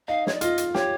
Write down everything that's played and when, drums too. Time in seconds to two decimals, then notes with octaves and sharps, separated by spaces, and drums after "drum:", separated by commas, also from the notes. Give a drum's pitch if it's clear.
0.08 D#4 F5
0.27 C#5, drum: snare
0.34 D5
0.41 F4 D#5, drum: hi-hat
0.58 drum: hi-hat
0.75 G4 C#5, drum: snare